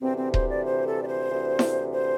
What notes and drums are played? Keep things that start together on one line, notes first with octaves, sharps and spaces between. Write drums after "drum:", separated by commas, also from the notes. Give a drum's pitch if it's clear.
D2 C3 E3 C4
C4
C5, drum: kick D#1
D5
C5
A4
D5
C5
D2 C3 E3
drum: snare E4
C5